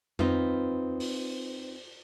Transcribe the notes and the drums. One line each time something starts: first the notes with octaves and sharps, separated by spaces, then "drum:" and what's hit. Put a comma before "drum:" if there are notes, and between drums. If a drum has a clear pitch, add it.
C4 D#4 F4 B4, drum: tom F2
drum: open hi-hat